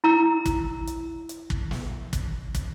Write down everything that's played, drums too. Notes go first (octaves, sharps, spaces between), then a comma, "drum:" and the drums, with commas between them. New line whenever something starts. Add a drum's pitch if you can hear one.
E4 A#5 E6
drum: kick, hi-hat
drum: hi-hat
drum: hi-hat
drum: kick
drum: snare
drum: kick, hi-hat
drum: kick, hi-hat